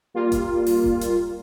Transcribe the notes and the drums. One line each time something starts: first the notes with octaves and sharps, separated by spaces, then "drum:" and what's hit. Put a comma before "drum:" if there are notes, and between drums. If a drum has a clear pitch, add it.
G3 A#3 F4
drum: kick D#1, hi-hat
drum: open hi-hat
drum: kick D#1
drum: hi-hat